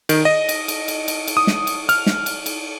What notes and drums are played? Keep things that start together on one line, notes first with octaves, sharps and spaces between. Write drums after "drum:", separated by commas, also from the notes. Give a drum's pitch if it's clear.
D#3, drum: cymbal
D#5
drum: cymbal
drum: cymbal
drum: cymbal
drum: cymbal
drum: cymbal
D#6
drum: snare
drum: cymbal
F6, drum: cymbal
drum: snare
drum: cymbal
drum: cymbal